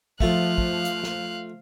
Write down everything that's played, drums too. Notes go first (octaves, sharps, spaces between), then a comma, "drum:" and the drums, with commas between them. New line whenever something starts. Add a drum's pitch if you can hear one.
F3 A3 F4 F5 F#6, drum: kick
drum: kick
drum: hi-hat
drum: snare